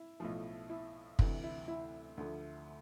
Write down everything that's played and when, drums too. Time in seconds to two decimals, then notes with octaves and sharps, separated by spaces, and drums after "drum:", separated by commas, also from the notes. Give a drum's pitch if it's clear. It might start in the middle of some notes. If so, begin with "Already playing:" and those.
Already playing: E4
0.20 B1 A2 F3
0.70 E4
1.19 D2 C3 E3, drum: kick
1.43 E4
1.68 E4
2.17 D2 D3 F3